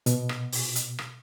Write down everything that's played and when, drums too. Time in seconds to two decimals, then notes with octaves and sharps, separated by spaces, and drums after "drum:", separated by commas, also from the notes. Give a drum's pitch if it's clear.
0.06 B2, drum: hi-hat
0.29 drum: rim click
0.52 drum: open hi-hat
0.75 drum: hi-hat
0.99 drum: rim click